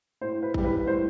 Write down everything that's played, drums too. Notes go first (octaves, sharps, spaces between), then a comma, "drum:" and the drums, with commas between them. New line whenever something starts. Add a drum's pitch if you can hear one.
A2 C5
B4
E3 G3, drum: kick A1
B4
A2 C5